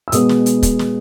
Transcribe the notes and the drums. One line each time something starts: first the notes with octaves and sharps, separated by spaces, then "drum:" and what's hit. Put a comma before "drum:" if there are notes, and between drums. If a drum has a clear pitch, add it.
E6
B2 G#3 B3 D#6, drum: hi-hat
drum: snare
drum: hi-hat
drum: kick, hi-hat
drum: snare